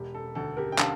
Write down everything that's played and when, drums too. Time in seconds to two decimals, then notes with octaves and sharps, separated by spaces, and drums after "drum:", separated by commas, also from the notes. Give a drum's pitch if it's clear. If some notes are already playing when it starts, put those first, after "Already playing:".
Already playing: E1 G4
0.15 A4
0.35 D2 A4
0.57 G4 A#4
0.72 G5
0.78 D3 F5 A5, drum: clap